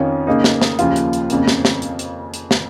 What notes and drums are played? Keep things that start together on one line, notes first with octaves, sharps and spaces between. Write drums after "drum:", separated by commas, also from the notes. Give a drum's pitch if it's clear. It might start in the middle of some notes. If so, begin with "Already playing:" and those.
Already playing: F2 D#3 C#4 F4
C#3 A#3 D#4
drum: snare
drum: snare
D#2 C#3 F3 A#3 F4, drum: hi-hat
drum: hi-hat
drum: hi-hat
F2 C#3 A#3, drum: hi-hat
drum: snare
drum: snare
drum: hi-hat
drum: hi-hat
drum: hi-hat
drum: snare